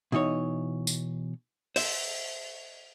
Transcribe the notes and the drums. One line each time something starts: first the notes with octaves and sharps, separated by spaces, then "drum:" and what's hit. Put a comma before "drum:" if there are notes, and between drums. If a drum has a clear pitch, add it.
B2 E3 D#4 C#5
drum: tambourine
C5 E5, drum: open hi-hat